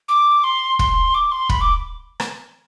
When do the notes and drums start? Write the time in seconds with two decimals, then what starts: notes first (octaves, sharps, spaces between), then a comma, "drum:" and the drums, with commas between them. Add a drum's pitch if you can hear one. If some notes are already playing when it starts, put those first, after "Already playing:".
0.08 D6
0.44 C6
0.79 C6, drum: kick
1.14 D6
1.32 C6
1.49 B5, drum: kick
1.61 D6
2.20 drum: rim click